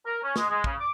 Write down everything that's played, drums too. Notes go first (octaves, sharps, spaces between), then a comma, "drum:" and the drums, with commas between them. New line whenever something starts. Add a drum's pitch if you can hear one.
A#4
C#4
G#3, drum: snare
G#3
C#3, drum: kick
D6